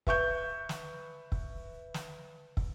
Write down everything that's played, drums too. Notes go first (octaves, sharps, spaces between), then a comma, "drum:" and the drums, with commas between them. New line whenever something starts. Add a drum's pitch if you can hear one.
B4 E5 C#6 G6, drum: kick
drum: snare
drum: kick
drum: snare
drum: kick